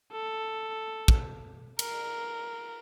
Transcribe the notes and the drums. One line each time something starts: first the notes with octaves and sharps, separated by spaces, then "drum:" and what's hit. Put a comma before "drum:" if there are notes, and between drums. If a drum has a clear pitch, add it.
A4
drum: kick
A#4, drum: cymbal